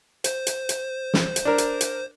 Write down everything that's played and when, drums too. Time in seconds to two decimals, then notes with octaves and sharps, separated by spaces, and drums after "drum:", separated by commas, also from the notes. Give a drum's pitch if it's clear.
0.24 C5, drum: hi-hat
0.47 drum: hi-hat
0.69 drum: hi-hat
1.14 drum: snare
1.36 drum: hi-hat
1.45 D4 A#4
1.58 drum: hi-hat
1.81 drum: hi-hat